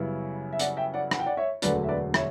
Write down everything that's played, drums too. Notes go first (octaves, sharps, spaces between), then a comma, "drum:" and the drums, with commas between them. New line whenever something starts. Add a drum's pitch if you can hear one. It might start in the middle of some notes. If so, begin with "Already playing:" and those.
Already playing: F#2 C#3 G3 B3 E4
E5
D5 F#5, drum: hi-hat
E5 G5
D5 F#5
F#5, drum: rim click
G5
D5 F#5
C#5 E5
E1 D2 D3 F#3 B4 D5, drum: hi-hat
E5
B4 D5
C#5 E5, drum: rim click